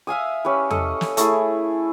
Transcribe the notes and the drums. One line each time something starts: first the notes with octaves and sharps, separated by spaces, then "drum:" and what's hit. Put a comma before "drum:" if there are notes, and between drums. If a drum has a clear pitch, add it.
E5 F5 G#5 D#6
C#4 G4 B4
A4 D#5, drum: tom E2
drum: snare
A3 E4 G#4, drum: hi-hat